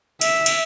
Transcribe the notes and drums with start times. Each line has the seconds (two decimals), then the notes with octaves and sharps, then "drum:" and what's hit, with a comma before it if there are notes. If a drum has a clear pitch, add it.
0.21 E5, drum: cymbal
0.46 drum: cymbal